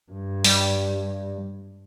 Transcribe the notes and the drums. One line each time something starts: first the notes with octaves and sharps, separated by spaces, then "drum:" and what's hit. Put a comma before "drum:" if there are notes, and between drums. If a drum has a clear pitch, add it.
G2
G3, drum: open hi-hat